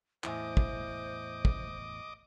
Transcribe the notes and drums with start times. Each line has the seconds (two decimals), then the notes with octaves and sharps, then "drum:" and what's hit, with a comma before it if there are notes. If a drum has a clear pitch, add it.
0.24 E2 A2 E4 C5 D#5 E5 G#5 D6, drum: clap
0.57 drum: kick
1.45 drum: kick